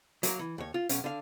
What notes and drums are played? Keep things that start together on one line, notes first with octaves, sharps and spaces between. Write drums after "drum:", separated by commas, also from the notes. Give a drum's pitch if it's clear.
F#3 A#3 A#4, drum: hi-hat
E3
D#2 C#5
F4
B1 C#4 F5, drum: hi-hat
D3 F5